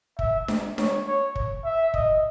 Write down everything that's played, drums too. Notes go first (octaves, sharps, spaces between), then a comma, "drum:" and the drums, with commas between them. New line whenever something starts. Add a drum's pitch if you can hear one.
E5, drum: kick
drum: snare D4
C#5, drum: snare D4
C#5
drum: kick
E5
D#5, drum: kick